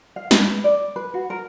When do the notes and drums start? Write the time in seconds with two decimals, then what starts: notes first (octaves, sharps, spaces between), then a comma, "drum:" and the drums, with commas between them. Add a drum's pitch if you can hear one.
0.16 F5
0.31 B4, drum: snare
0.64 D5
0.96 B4
1.14 F#4
1.30 A#4